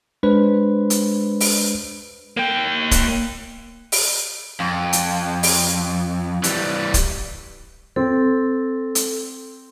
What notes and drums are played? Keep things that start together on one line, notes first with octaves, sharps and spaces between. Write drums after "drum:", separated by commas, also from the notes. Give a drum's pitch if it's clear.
G#3 D4 B4 C5
drum: hi-hat
drum: open hi-hat
A#3 G5
drum: kick, hi-hat
drum: open hi-hat
F2
drum: hi-hat
drum: open hi-hat
E3 G3, drum: hi-hat
drum: kick, hi-hat
C4 A4
drum: hi-hat